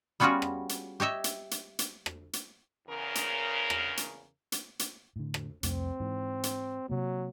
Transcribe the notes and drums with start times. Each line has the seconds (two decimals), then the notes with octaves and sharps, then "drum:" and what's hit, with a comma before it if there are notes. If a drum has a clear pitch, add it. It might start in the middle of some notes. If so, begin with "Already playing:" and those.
0.20 G3 B3 C#4 F4 F#4 G#4
0.42 drum: rim click
0.69 drum: hi-hat
1.00 G4 C#5 D#5 E5
1.24 drum: hi-hat
1.51 drum: hi-hat
1.79 drum: hi-hat
2.06 drum: rim click
2.33 drum: hi-hat
2.88 E2 C#3 A#4
3.15 drum: hi-hat
3.70 drum: rim click
3.97 drum: hi-hat
4.52 drum: hi-hat
4.79 drum: hi-hat
5.16 A2 D3
5.34 drum: rim click
5.63 C2 F2 A3 C4, drum: hi-hat
6.00 G#2 E3
6.43 drum: hi-hat
6.90 C3 F#3 A#3